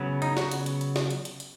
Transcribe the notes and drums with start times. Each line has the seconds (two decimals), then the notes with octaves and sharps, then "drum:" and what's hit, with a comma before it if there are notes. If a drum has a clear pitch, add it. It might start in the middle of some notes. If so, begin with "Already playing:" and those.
Already playing: C#3 F#3 B3
0.22 D#4, drum: hi-hat
0.37 F#4, drum: snare
0.51 drum: hi-hat
0.66 drum: hi-hat
0.81 drum: hi-hat
0.96 drum: snare
1.10 drum: hi-hat
1.25 drum: hi-hat
1.40 drum: hi-hat